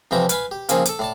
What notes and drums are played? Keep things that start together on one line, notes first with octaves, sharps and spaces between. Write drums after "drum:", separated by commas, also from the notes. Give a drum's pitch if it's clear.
F2 C3 E3 F3 G5 A#5
B4 F5 G#5 B5, drum: hi-hat
G4
C#3 F3 A#3 C4 G#4, drum: hi-hat
A4 D6, drum: hi-hat
A2 D5 A5